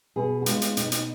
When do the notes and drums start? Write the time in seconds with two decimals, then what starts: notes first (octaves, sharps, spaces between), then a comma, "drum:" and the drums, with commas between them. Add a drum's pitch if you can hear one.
0.16 B2 G#4
0.42 F#4
0.46 G#3 F4, drum: hi-hat
0.62 drum: hi-hat
0.77 B2 D#4, drum: hi-hat
0.92 drum: hi-hat